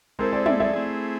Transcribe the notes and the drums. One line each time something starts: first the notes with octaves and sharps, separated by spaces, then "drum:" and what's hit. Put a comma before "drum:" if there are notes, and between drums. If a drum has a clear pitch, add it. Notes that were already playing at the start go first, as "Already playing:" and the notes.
G#3 C4 E4 A4 A#4 C5
C5 D5
D5 E5, drum: tom
D5 E5
A3 C4 E4 G#4